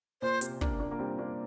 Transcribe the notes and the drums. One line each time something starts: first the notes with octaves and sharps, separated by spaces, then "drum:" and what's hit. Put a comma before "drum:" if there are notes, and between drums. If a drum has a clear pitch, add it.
A#2 C5
C3, drum: hi-hat
A#3 D4, drum: kick
A#3 D4
A#3
G3 C4
A#3 D4